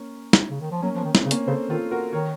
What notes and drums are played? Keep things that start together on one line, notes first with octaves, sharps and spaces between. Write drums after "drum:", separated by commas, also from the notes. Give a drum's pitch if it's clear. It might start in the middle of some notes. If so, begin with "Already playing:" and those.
Already playing: A#3 C#4
drum: snare
C#3
D#3
F3
F#3 A#3 C#4
F3 A#3
D#3
C4, drum: snare
C#3
A#3 C#4, drum: hi-hat
C#3 A4 C5
D#3 F4 A4
F#4 A#4
D#3 A#4 C#5